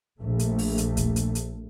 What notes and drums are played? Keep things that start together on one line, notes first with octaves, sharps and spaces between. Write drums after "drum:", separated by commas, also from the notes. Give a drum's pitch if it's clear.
A#1 A3
drum: hi-hat
drum: open hi-hat
drum: hi-hat
drum: kick D#2, hi-hat
drum: hi-hat
drum: hi-hat